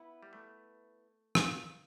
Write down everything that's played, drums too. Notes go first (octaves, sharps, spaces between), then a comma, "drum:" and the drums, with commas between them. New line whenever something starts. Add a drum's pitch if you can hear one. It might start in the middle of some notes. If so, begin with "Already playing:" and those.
Already playing: B3 E4 B4
G3
A3
drum: rim click